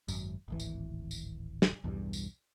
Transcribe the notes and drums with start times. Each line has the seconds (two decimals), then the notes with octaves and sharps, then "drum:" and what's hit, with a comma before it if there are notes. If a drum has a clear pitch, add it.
0.08 G#1 F#2, drum: tambourine
0.48 D1 G#1 E3
0.60 drum: tambourine
1.11 drum: tambourine
1.62 drum: snare
1.84 B1 E2 G2 G3
2.13 drum: tambourine